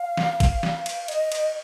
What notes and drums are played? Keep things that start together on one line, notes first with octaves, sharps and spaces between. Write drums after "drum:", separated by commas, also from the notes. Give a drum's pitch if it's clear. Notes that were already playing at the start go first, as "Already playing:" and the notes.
Already playing: F5
drum: snare
drum: kick, cymbal
drum: snare
drum: cymbal
D#5, drum: cymbal
drum: cymbal